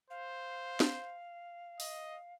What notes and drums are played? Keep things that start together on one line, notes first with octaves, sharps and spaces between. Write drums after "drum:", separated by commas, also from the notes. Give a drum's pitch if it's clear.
C5 F5
drum: snare
D#5, drum: open hi-hat